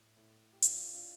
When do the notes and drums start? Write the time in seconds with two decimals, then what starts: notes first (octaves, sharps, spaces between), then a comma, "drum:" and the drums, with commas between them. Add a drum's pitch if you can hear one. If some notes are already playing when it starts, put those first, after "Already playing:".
Already playing: A2
0.17 A2
0.52 G4
0.62 A2 D4 F4, drum: hi-hat
0.94 D4 F4